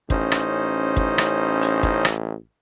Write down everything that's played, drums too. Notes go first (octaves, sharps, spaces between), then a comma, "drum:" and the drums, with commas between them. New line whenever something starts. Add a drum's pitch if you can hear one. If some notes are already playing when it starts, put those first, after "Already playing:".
A1 C#4 D#4 C5, drum: kick
drum: rim click
drum: kick
drum: rim click
drum: hi-hat
drum: kick
drum: rim click